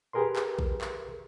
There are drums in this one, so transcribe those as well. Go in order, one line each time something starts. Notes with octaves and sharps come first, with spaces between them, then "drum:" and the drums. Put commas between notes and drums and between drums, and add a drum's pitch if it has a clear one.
G4 G#4 A#4 B4 C6
drum: clap
drum: kick A#1
drum: clap